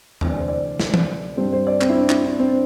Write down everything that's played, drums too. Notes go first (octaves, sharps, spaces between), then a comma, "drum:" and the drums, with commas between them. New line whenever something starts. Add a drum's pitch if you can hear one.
D2 C3 E3 C4, drum: tom E2
D5
C5
D5
drum: snare
drum: tom E3
G2 G3 C4 C5
C5
D5
C4, drum: clap
E4
D4
E4, drum: clap
D4
C4